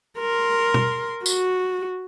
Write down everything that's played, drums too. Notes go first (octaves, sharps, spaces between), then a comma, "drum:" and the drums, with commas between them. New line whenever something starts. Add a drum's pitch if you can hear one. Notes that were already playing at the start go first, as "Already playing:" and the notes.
A#4 C6
drum: tom B2
F#4, drum: tambourine